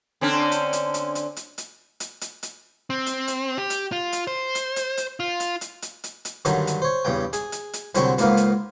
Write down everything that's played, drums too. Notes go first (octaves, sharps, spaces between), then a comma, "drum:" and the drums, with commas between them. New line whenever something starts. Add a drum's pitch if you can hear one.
D3 C4 C#4
drum: hi-hat
drum: hi-hat
drum: hi-hat
drum: hi-hat
drum: hi-hat
drum: hi-hat
drum: hi-hat
drum: hi-hat
drum: hi-hat
C4
drum: hi-hat
drum: hi-hat
G4
drum: hi-hat
F4
drum: hi-hat
C5
drum: hi-hat
drum: hi-hat
drum: hi-hat
F4
drum: hi-hat
drum: hi-hat
drum: hi-hat
drum: hi-hat
drum: hi-hat
G2 D3 D#3 F#3, drum: hi-hat
drum: hi-hat
C5 C#5
E2 G2 C#3 G5
G#4, drum: hi-hat
drum: hi-hat
drum: hi-hat
C2 D3 F#3 C4 G5 C#6, drum: hi-hat
C#2 G#2 A#3 B3 F5, drum: hi-hat
drum: hi-hat